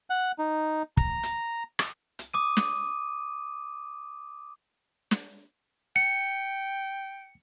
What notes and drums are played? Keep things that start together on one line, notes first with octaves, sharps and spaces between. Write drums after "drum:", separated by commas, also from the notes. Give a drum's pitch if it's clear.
F#5
D#4
A#5, drum: kick
drum: hi-hat
drum: rim click
drum: hi-hat
D6 D#6 D#7
drum: snare
drum: snare
G5 C#7